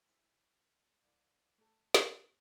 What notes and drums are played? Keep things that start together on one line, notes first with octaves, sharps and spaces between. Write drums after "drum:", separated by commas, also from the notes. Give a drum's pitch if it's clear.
C4 E4 G#4
C2
A3 A4
drum: snare
C3 F#3 B3